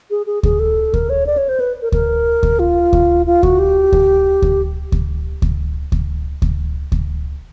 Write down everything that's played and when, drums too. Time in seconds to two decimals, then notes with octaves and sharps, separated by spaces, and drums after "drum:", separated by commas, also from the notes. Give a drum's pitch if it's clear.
0.10 G#4
0.26 G#4
0.43 G#4, drum: kick D2
0.59 A4
0.94 A#4, drum: kick D2
1.10 C#5
1.26 D5
1.37 C#5
1.49 C5
1.60 B4
1.82 A#4
1.92 A#4, drum: kick D2
2.43 drum: kick D2
2.59 F4
2.93 drum: kick D2
3.26 F4
3.43 F#4, drum: kick D2
3.59 G4
3.92 drum: kick D2
4.42 drum: kick D2
4.92 drum: kick D2
5.42 drum: kick D2
5.92 drum: kick D2
6.42 drum: kick D2
6.92 drum: kick D2